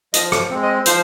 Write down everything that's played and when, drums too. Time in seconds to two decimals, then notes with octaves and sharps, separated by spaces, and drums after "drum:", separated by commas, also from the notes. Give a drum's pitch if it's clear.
0.14 F3 D#5, drum: hi-hat
0.32 drum: rim click
0.50 G#3 C4
0.62 D#5
0.86 F3 C5, drum: hi-hat